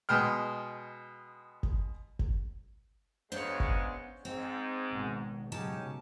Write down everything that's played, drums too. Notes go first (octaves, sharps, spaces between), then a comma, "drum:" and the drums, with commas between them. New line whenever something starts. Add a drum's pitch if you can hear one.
B2 G#3 G5 F6
drum: kick G1
drum: kick G1
C#3 F#3 G#3 B3 D4 C5 C#5
drum: kick G1
G#2 C4
G#1 B2
G#2 C#3 F#3 C#4 D#4 G4 A5